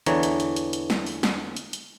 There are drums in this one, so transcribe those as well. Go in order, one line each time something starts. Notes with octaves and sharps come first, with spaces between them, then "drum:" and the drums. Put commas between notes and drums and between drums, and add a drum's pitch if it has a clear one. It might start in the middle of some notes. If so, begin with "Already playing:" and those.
E2 D3 E3 C#5 A#5, drum: hi-hat
drum: hi-hat
drum: hi-hat
drum: hi-hat
drum: hi-hat
drum: snare
drum: open hi-hat
drum: snare
drum: hi-hat
drum: hi-hat